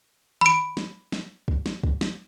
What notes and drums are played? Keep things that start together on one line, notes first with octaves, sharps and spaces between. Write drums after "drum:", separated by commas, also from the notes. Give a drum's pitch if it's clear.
B5 D7, drum: tom D#3
drum: snare
drum: snare
drum: kick
drum: snare
drum: kick
drum: snare